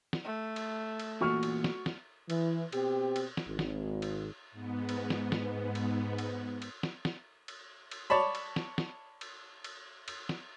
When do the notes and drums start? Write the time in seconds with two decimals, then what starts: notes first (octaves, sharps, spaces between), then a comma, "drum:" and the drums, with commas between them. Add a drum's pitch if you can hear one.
0.13 drum: snare
0.24 A3
0.56 drum: cymbal
1.00 drum: cymbal
1.21 E2 A#2 F#4 C#6 F6
1.43 drum: cymbal
1.64 drum: snare
1.86 drum: snare
2.30 E3, drum: cymbal
2.73 B2 C4 G4, drum: cymbal
3.16 drum: cymbal
3.37 drum: snare
3.47 G#1
3.59 drum: snare
4.02 drum: cymbal
4.52 G#2 B3
4.89 drum: cymbal
5.10 drum: snare
5.32 drum: snare
5.75 drum: cymbal
6.18 drum: cymbal
6.62 drum: cymbal
6.83 drum: snare
7.05 drum: snare
7.48 drum: cymbal
7.91 drum: cymbal
8.10 C#5 D5 A5 B5
8.35 drum: cymbal
8.56 drum: snare
8.78 drum: snare
9.21 drum: cymbal
9.64 drum: cymbal
10.08 drum: cymbal
10.29 drum: snare